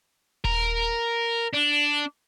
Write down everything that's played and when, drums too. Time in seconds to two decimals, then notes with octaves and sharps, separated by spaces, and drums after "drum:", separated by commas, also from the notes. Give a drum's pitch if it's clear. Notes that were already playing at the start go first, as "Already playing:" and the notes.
0.44 A#4, drum: kick D#1
1.53 D4